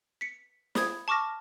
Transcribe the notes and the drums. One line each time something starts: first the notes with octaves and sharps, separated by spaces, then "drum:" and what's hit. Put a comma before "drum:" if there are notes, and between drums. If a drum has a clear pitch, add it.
B6 C#7
B5 D#6 G#6, drum: snare
A5 C#6 D6 F6 A#6